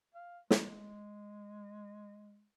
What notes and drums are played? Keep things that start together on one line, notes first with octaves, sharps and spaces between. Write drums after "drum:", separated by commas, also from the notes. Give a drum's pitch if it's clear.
F5
G#3, drum: snare